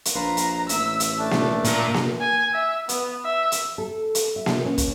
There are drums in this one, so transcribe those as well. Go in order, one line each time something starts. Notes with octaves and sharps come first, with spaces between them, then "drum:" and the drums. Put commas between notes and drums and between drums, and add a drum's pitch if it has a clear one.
drum: hi-hat
A#1 F4 B4 A#5 C6
drum: hi-hat
A1 E5 E6, drum: hi-hat
drum: hi-hat
A3 D4 A5
drum: snare A#3
A#2 A#4, drum: hi-hat
drum: snare A#3
G#5
E5
B3, drum: hi-hat
E5
drum: hi-hat
A4
drum: hi-hat
E5
drum: snare A#3
C#4
drum: kick, hi-hat